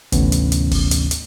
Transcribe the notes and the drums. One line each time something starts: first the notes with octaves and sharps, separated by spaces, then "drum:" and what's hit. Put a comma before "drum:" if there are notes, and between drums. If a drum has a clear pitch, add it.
D2 G#2 C3 E3 B3 C#4, drum: kick G1, hi-hat
drum: hi-hat
drum: hi-hat
drum: kick G1, open hi-hat
drum: hi-hat
drum: hi-hat